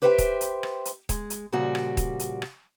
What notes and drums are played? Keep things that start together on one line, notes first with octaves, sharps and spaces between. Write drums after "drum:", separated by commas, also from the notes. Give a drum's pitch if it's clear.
G4 B4 C5 E5 F#5 G5
drum: kick D#1, hi-hat
drum: hi-hat
drum: rim click
drum: hi-hat
G#3, drum: kick D#1, hi-hat
drum: hi-hat
A#2 C#3 F3 G3 F#4
drum: rim click
drum: kick D#1, hi-hat
drum: hi-hat
drum: rim click